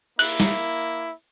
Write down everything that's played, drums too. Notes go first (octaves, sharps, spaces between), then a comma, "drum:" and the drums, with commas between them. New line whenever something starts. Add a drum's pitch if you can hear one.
A#3 E4 F#6, drum: open hi-hat
drum: snare